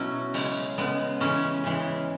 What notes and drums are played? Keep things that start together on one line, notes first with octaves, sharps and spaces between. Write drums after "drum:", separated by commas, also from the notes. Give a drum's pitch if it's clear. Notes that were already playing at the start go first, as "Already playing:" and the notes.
Already playing: B2 F#3 C#4 E4
C#3 G#3, drum: open hi-hat
C#3 G#3 B3
C#3 E3 G#3 C#4
C#3 E3 G#3